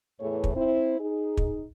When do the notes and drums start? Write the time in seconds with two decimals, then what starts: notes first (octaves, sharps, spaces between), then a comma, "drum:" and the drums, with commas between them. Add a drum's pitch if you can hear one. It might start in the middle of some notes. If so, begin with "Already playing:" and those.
0.20 E2 A2 E3 A3 G#4 C#5
0.44 drum: kick
0.55 C4 E4 C5
0.99 D#4 G#4
1.37 drum: kick